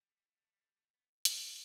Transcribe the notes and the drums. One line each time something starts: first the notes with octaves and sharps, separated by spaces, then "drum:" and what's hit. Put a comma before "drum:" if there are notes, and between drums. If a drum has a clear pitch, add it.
G3
A3
G3
A3
G3
A3
G3
A3
G3
A3
G3
B3
drum: hi-hat
G3